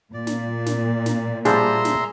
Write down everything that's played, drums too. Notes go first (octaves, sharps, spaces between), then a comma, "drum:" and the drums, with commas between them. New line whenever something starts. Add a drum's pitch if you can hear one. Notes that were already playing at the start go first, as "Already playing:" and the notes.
A#2 D5
drum: snare
drum: snare
drum: snare
F3 G3 D4 G#4 E5 A#5 C6, drum: snare
drum: snare